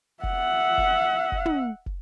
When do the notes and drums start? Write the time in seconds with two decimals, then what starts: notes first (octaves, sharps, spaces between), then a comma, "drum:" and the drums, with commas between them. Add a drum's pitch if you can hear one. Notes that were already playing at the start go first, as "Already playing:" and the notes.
0.23 E5 F#5, drum: kick
0.78 drum: kick
1.32 drum: kick
1.46 drum: tom
1.86 drum: kick